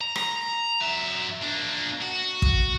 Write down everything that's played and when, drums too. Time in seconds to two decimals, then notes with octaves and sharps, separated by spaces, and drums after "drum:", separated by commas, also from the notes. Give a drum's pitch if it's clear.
0.01 A#5
0.16 drum: rim click
0.81 F#3 E5
1.42 A#3 D4
2.02 F#4
2.42 drum: kick